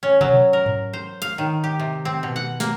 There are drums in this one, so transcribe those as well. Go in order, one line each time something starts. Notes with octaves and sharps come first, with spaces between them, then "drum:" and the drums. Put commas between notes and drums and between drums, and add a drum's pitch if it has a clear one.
C#4
F#3, drum: tom B2
A#4
drum: tom G#2
C5
F5, drum: hi-hat
D#3
G4
C3
C4
B2
F#5
A#3, drum: snare